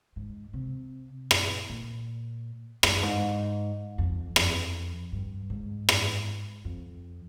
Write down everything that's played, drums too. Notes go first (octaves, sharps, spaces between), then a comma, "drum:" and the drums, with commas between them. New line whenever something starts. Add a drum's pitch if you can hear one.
G#2
C3
A#2, drum: rim click
A#2
G#2, drum: rim click
G2
G#2
F2
F2, drum: rim click
G2
G#2
drum: rim click
F2